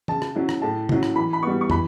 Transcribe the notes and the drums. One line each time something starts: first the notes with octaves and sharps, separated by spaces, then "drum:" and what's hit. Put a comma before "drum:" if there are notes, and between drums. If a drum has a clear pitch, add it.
C#3 A5, drum: tom
drum: rim click
F#3 C#4 E4
drum: rim click
A2 A5
F#3 C#4 E4, drum: tom
drum: rim click
E3 B5
B5
G3 B3 C#6
C#6
E3 B5, drum: tom